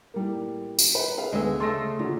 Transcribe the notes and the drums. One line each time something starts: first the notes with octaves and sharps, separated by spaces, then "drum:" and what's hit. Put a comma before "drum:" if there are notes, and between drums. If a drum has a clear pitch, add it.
A2 G3 A#3
drum: tambourine
B4 C5
G#4 B4 F5
D2 G#3 A3 B3 E5
C#3 A3 A4 C6 E6 A#6
A#2 D3 F#4